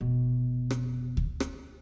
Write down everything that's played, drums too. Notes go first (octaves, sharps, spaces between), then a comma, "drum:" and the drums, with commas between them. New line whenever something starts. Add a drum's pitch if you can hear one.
F1 B2
drum: rim click
drum: kick D2
drum: rim click